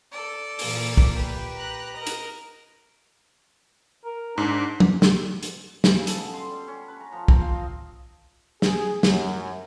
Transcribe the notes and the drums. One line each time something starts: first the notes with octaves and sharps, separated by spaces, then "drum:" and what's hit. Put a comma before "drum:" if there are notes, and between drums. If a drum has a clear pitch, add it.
A4 D5
A#2 E3 A#3, drum: open hi-hat
drum: kick
G4 B4
A#5 F#6
A#4 D#5
drum: hi-hat
A#4
G#2 D4
drum: tom
drum: snare
drum: hi-hat
drum: snare
C#3
A4, drum: hi-hat
B2
C6
G3
C#4
B4
A#5
F3
C4, drum: kick
F5
D#5
G#4, drum: snare
F#2, drum: snare